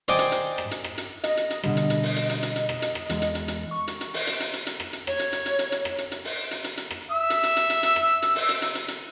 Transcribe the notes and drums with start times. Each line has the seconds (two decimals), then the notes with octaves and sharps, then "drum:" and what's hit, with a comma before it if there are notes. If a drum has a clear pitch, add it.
0.08 C5 D5 D#5 G5 G#5 D6, drum: hi-hat
0.19 drum: hi-hat
0.32 drum: hi-hat
0.58 drum: rim click
0.71 drum: hi-hat
0.84 drum: rim click
0.98 drum: hi-hat
1.24 D#5, drum: hi-hat
1.37 drum: hi-hat
1.50 drum: hi-hat
1.64 B2 D3 G3 D#5, drum: rim click
1.77 drum: hi-hat
1.90 drum: hi-hat
2.03 drum: open hi-hat
2.16 drum: hi-hat
2.29 drum: hi-hat
2.43 drum: hi-hat
2.56 drum: hi-hat
2.69 drum: rim click
2.82 drum: hi-hat
2.95 drum: rim click
3.09 E2 G#3, drum: hi-hat
3.22 drum: hi-hat
3.35 drum: hi-hat
3.48 drum: hi-hat
3.71 C#6
3.88 drum: hi-hat
4.01 drum: hi-hat
4.14 drum: open hi-hat
4.27 drum: hi-hat
4.40 drum: hi-hat
4.53 drum: hi-hat
4.67 drum: hi-hat
4.80 drum: rim click
4.93 drum: hi-hat
5.07 C#5, drum: rim click
5.19 drum: hi-hat
5.32 drum: hi-hat
5.46 drum: hi-hat
5.59 drum: hi-hat
5.72 drum: hi-hat
5.85 drum: rim click
5.98 drum: hi-hat
6.12 drum: hi-hat
6.25 drum: open hi-hat
6.51 drum: hi-hat
6.64 drum: hi-hat
6.77 drum: hi-hat
6.91 drum: rim click
7.11 E5 E6
7.30 drum: hi-hat
7.43 drum: hi-hat
7.56 drum: hi-hat
7.70 drum: hi-hat
7.83 drum: hi-hat
7.96 drum: rim click
8.22 drum: hi-hat
8.36 drum: open hi-hat
8.49 drum: hi-hat
8.62 drum: hi-hat
8.75 drum: hi-hat
8.88 drum: hi-hat